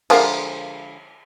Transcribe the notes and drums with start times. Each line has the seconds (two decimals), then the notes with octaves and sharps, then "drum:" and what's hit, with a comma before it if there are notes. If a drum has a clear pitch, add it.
0.10 D3 F3 G#3 A#4 E5 F5, drum: cymbal